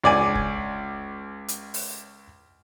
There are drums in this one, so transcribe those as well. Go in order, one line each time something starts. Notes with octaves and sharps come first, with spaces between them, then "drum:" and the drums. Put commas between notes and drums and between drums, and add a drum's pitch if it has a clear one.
C#2 D5 G#5
drum: kick F1
drum: hi-hat
drum: open hi-hat